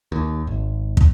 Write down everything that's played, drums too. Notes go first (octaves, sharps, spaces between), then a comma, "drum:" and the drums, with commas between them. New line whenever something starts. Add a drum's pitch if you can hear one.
D#2
G#1
drum: kick